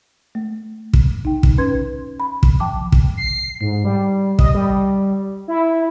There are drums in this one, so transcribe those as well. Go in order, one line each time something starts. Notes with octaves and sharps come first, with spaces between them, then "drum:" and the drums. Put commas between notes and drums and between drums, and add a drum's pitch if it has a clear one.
A3
drum: kick
D#4 G5
drum: kick
C#4 B4 C6 G#6
B5
drum: kick
F3 G5 A5 D6
drum: kick
C7
G#2
G3
D#5, drum: kick
G3
E4